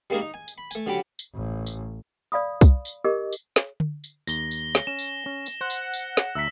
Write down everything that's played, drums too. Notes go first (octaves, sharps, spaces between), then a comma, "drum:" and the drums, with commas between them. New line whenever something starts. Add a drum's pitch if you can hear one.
G3 G#3 A#3 D4 G#4 A#4
D#4
G#5
drum: tambourine
B5
A3 G#5, drum: tambourine
D3 F#3 C#4 G4 B5 D6
drum: tambourine
A1
drum: tambourine
D5 F5 B5 D#6
drum: kick C2, tambourine
drum: tambourine
G4 A#4 D#5 D6
drum: tambourine
drum: snare
drum: tom D3
drum: tambourine
D#2 A#6 G7, drum: tambourine
drum: tambourine
drum: snare
C#4 E7
drum: tambourine
C#4
drum: tambourine
C5 F#5
drum: tambourine
drum: tambourine
drum: snare
D2 E5 A#5 E6 B6